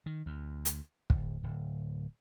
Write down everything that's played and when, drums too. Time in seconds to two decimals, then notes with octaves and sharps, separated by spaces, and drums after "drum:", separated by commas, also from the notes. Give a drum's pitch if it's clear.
0.06 D#3
0.26 D2
0.65 drum: hi-hat
1.10 D1, drum: kick
1.43 D1